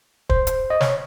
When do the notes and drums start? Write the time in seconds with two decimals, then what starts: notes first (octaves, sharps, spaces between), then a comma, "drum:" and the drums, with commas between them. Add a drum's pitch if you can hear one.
0.30 C5, drum: kick
0.47 drum: hi-hat
0.70 D#5
0.81 C#5, drum: snare